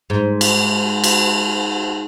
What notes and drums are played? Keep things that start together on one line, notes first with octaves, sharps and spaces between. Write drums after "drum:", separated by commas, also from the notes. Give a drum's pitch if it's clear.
G#2
drum: cymbal
drum: cymbal